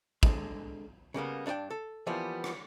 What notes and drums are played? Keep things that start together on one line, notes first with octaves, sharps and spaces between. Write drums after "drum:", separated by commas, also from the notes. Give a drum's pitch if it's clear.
D3 G#3, drum: kick
C#3 G3 A#3 B3
G2 D4 A#4 D5 G5
A4
E3 F3 G3 A#3 B3
drum: rim click